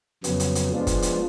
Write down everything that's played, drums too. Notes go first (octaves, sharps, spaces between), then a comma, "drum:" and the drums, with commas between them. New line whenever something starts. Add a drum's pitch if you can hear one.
F2 C#3 F#3 B3, drum: hi-hat
drum: hi-hat
drum: hi-hat
F3 G#3 B3 D4 F4
drum: kick, hi-hat
drum: hi-hat